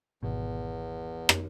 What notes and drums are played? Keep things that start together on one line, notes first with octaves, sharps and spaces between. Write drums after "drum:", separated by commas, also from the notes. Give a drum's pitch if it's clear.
G#1 E2 B2
drum: rim click